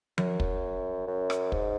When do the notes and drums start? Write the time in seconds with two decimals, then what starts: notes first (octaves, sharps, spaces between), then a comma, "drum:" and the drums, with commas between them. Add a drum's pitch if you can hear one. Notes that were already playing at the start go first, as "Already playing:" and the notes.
0.18 F#2, drum: tom F3
0.40 drum: kick
1.07 F#2
1.30 drum: rim click
1.52 G#2, drum: kick